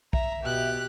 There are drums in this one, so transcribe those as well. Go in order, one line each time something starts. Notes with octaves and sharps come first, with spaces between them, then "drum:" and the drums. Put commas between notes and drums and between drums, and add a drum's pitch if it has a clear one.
E5 A#5, drum: kick
B2 G4 F#6